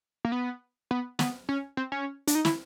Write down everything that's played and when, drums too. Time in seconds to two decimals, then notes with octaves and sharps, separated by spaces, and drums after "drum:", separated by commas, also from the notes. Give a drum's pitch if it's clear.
0.25 A#3
0.32 B3
0.91 B3
1.19 B3, drum: snare
1.49 C#4
1.77 C4
1.92 C#4
2.27 D4, drum: hi-hat
2.35 D#4
2.45 E4, drum: snare